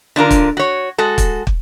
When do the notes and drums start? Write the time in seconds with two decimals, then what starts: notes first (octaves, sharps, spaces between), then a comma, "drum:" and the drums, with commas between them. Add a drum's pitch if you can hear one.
0.16 D3 D4 F4 A#4
0.31 drum: kick, hi-hat
0.57 F#4 C#5
0.98 G#3 F#4 A4
1.18 drum: kick, hi-hat
1.47 drum: kick